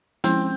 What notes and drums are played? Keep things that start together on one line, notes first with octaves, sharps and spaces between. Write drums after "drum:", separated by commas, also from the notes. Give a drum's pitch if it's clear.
F3 G#3 C4 C#4 E4, drum: snare